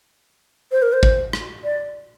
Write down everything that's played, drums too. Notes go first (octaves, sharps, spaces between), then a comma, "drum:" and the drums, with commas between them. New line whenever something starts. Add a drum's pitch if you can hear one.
C5
A#4
C5
drum: kick
drum: rim click
D5